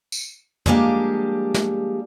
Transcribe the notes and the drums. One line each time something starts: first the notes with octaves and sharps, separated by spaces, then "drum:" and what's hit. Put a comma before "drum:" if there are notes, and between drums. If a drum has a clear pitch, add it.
drum: tambourine
F3 G3 G#3 A#3 D4 G4, drum: tom
drum: snare